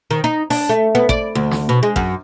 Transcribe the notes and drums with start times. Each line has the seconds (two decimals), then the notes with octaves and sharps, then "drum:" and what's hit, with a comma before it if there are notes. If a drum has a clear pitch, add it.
0.11 D#3
0.24 D#4
0.50 D4, drum: open hi-hat
0.69 A3
0.95 B3
1.09 D5, drum: kick A1
1.35 D2
1.51 drum: snare
1.69 B2
1.83 G#3
1.96 F#2, drum: kick A1